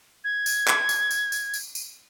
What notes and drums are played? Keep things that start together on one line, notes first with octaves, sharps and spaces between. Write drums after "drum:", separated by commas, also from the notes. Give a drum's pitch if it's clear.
G#6
drum: tambourine
drum: clap
drum: tambourine
drum: tambourine
drum: tambourine
drum: tambourine
drum: tambourine